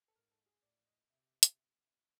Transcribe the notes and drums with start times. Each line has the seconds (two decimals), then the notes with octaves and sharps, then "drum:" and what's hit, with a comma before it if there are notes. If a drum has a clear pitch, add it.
0.08 A4
0.15 G#2 A#4
0.31 A4
0.46 G#4
0.62 A2 D5
0.86 D#5
1.09 C3 E5
1.43 drum: hi-hat